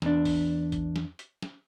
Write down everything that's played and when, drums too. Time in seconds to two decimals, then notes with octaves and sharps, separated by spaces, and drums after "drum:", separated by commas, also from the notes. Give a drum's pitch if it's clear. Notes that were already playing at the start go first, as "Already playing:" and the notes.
0.02 E2 D4, drum: snare
0.25 drum: kick A1, open hi-hat
0.72 drum: kick A1, hi-hat
0.96 drum: snare
1.19 drum: hi-hat
1.42 drum: snare